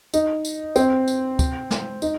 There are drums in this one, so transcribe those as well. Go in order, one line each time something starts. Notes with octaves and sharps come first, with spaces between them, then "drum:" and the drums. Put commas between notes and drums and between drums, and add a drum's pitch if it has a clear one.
D#4, drum: tambourine
drum: tambourine
C4, drum: tambourine
drum: tambourine
drum: kick, tambourine
drum: snare
D#4, drum: tambourine